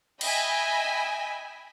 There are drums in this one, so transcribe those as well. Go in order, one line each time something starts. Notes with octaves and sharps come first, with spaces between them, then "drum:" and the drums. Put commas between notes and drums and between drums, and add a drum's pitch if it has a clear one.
D#5 E5 G5 G#5 B5, drum: cymbal